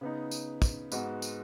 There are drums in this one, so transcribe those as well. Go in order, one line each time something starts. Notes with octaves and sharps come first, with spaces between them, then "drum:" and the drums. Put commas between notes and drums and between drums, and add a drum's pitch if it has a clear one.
C#3 B3 D#4
drum: tambourine
drum: kick, tambourine
G#2 G#3 B3 F#4, drum: tambourine
drum: tambourine